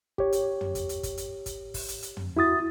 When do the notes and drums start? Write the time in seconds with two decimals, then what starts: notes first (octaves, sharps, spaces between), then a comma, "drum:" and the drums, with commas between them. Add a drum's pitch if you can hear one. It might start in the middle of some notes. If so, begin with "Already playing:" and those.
0.18 G4 C#5, drum: kick G1
0.32 drum: hi-hat
0.61 drum: tom
0.75 drum: kick G1, hi-hat
0.89 drum: hi-hat
1.03 drum: kick G1, hi-hat
1.17 drum: hi-hat
1.46 drum: kick G1, hi-hat
1.74 drum: kick G1, open hi-hat
1.88 drum: hi-hat
2.02 drum: hi-hat
2.17 drum: tom
2.37 E4 F#4 D#6 A6